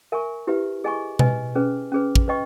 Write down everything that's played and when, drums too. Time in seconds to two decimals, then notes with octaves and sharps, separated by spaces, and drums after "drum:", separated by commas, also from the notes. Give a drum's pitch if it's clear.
0.12 A#4 E5 G#5 C#6
0.47 E4 G4 B4 E5
0.84 G#4 D#5 G#5 C#6
1.19 B4 D#5 G#5, drum: tom B2
1.55 C#4 G#4 B4
1.92 C#4 G#4 B4
2.15 drum: kick
2.28 B4 D#5 G5 C#6